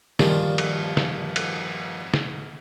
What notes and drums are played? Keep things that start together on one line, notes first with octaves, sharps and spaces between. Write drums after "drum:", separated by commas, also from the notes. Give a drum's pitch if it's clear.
G2 A#2 D#3 F3, drum: snare
drum: cymbal
drum: snare
drum: cymbal
drum: snare